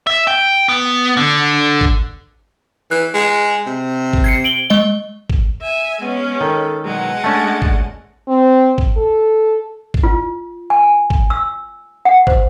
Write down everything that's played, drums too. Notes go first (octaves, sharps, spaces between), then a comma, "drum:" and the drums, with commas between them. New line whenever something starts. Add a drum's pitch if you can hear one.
E5
G5
B3
D3
drum: kick
E3 F#6
G#3
C3
drum: kick
G#6 C7 C#7
D7 F#7 G7
G#3 D#5 G7
drum: kick
E5 G#5
G#3 B3 C#4
D#3 A4
E2 B2 F#3 G#3 F#5
A3 C#4 D4 A5
drum: kick
C4
drum: kick
A4
drum: kick
F4
G#5
drum: kick
E6
F#5
C5, drum: kick